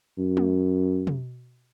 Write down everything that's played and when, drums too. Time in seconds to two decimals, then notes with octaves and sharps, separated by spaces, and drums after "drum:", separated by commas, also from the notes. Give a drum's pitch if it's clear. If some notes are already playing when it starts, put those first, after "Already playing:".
0.19 F#2
0.37 drum: tom
1.07 drum: tom